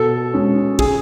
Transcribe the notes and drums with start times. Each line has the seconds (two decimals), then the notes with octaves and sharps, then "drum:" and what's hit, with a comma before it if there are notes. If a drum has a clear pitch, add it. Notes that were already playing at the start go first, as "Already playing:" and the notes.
Already playing: B2 A4
0.34 G#3 C#4
0.79 G#4, drum: kick